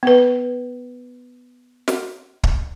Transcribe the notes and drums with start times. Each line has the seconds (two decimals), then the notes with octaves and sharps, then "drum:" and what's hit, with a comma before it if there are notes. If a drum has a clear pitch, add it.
0.03 B3 B4
1.88 drum: snare
2.44 drum: kick